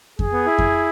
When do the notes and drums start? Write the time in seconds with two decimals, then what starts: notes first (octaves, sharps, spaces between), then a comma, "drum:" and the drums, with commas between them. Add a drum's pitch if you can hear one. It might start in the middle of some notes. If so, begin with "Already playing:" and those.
0.19 G#4, drum: kick F2
0.32 B3
0.46 E4
0.58 drum: kick F2